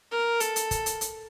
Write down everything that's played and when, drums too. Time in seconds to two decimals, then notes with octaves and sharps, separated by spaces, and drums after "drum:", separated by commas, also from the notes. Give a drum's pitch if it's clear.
0.11 A#4
0.40 A4, drum: hi-hat
0.56 drum: hi-hat
0.71 drum: kick, hi-hat
0.86 drum: hi-hat
1.01 drum: hi-hat